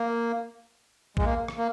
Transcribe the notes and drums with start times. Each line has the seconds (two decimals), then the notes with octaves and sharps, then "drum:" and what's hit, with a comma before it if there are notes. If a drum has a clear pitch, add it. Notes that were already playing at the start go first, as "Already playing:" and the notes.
Already playing: A#3
1.17 G#3, drum: kick A#1
1.25 A#3
1.48 drum: rim click
1.58 A#3